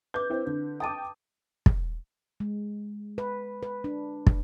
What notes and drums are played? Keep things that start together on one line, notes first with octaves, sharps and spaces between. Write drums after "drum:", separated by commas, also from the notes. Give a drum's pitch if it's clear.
B4 D6 G6
C4 E4
D3
G5 A5 D6 D#6 A6 D#7
drum: kick
G#3
B4
B4
D4
drum: kick